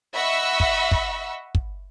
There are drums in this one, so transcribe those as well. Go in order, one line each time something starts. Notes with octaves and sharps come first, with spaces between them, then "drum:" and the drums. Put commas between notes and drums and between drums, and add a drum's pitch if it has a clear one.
D#5 E5 F#5 B5 C#6 E6
drum: kick
drum: kick
drum: kick